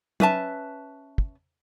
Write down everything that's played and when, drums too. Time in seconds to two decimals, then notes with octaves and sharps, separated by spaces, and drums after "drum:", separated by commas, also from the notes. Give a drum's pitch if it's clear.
0.20 C#4 B4 E5 A5, drum: tom
1.18 drum: kick